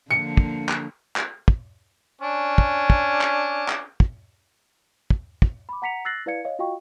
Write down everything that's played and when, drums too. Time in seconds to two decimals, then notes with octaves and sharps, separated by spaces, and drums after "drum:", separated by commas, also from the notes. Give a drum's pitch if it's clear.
0.11 D3 F3 A#3 C#7
0.37 drum: kick
0.69 drum: clap
1.16 drum: clap
1.48 drum: kick
2.21 C#4 D4
2.58 drum: kick
2.90 drum: kick
3.21 drum: clap
3.69 drum: clap
4.00 drum: kick
5.10 drum: kick
5.42 drum: kick
5.69 B5 D6
5.82 F#5 A#5 B6 C#7 F7
6.05 E6 F#6 A6 A#6 C7 F#7
6.26 E4 B4 D5 F5 G#6 C#7
6.45 C#5 D#5 F5
6.59 F4 F#4 D#5 F5 G5 C#6